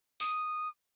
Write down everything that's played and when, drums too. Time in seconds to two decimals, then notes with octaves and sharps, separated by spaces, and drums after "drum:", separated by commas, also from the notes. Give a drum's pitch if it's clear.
0.20 D#6, drum: tambourine